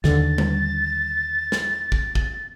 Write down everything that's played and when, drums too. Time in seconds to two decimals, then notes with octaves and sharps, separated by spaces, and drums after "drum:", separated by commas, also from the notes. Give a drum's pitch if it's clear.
0.04 D#2 D3 A6, drum: snare
0.38 drum: tom G3
1.52 drum: snare
1.92 drum: kick
2.15 drum: kick